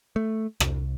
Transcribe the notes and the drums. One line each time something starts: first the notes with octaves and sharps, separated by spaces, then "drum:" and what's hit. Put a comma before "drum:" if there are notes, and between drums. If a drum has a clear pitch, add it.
A3
C2, drum: rim click